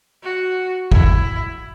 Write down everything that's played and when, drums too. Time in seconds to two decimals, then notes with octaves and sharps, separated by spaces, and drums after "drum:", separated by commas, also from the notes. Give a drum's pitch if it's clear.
0.23 F#4
0.92 E4, drum: kick G#1